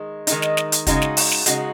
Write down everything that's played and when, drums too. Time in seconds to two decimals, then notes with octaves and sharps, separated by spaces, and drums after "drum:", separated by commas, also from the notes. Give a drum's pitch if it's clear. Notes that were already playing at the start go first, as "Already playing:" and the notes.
Already playing: D#3 G#3
0.27 D#3 G#3 D#4, drum: hi-hat
0.42 drum: snare
0.57 drum: snare
0.72 drum: hi-hat
0.87 C#3 G#3 D#4 F#4, drum: kick, hi-hat
1.02 drum: snare
1.17 drum: open hi-hat
1.32 drum: snare
1.46 C#3 G#3 D#4 F#4, drum: hi-hat